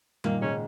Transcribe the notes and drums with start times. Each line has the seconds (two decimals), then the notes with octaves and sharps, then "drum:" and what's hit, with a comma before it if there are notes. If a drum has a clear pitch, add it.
0.24 A#2 D#3 A#3, drum: tom G3
0.41 G#2 C#3 C#4